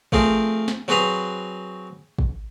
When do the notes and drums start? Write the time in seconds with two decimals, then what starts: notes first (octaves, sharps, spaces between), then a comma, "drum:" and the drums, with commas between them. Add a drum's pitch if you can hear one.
0.12 F3 A3 C4 G#4 A#4, drum: kick
0.68 drum: snare
0.88 F#3 C4 F#4 G#4 B4 A#5
2.18 drum: kick